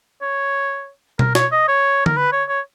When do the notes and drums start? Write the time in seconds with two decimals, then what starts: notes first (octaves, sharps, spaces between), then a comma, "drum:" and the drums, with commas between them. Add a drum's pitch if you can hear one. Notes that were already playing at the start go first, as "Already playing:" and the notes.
0.22 C#5
1.19 A#4, drum: tom B2
1.35 C#5, drum: snare
1.52 D#5
1.68 C#5
2.06 A#4, drum: tom D3
2.16 B4
2.32 C#5
2.49 C#5